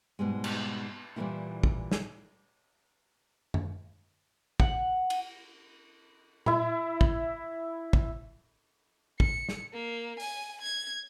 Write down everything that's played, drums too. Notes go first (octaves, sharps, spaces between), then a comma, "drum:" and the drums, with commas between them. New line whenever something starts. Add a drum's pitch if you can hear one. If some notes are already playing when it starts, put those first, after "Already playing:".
G#2 B2 G3 G#3
drum: cymbal
A#2 E3 G3 G#3 A#3 E4
drum: kick
drum: snare
drum: tom F#2
F#5, drum: kick
drum: cymbal
E4 E5 B5, drum: tom A#2
drum: kick
drum: kick
C#7, drum: kick
drum: snare
A#3
G#5, drum: open hi-hat
G#6